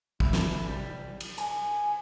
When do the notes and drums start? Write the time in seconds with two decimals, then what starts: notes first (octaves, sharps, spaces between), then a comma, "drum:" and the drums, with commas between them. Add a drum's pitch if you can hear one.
0.20 E4, drum: kick
0.33 drum: snare
0.68 G3
1.20 drum: cymbal
1.38 G#5, drum: hi-hat